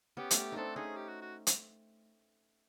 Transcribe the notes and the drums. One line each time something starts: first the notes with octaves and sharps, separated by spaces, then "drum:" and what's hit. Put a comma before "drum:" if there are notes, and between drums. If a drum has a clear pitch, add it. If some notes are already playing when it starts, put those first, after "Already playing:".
B3 C#4 G4
A3 B3, drum: hi-hat
G4
C4 D4 D#4 A4
C#4 D#4 G#4
G4
F#4
F#4
drum: hi-hat